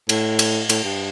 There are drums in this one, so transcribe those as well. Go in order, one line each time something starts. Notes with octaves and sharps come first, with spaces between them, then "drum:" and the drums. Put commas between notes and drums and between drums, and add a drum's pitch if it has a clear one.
A2, drum: cymbal
drum: cymbal
A2, drum: cymbal
G2